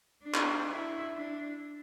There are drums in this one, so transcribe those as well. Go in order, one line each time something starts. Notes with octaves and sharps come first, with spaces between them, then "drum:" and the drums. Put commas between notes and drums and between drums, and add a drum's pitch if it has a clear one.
D4
drum: clap
E4
D4